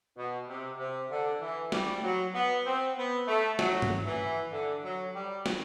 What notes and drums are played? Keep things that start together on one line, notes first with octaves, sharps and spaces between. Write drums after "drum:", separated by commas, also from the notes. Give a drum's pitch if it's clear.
B2
C3
C3
D3
E3
G3, drum: snare
F#3
B3
C4
B3
A3
F#3, drum: snare
drum: tom G2
E3
D3
F#3
G3
drum: snare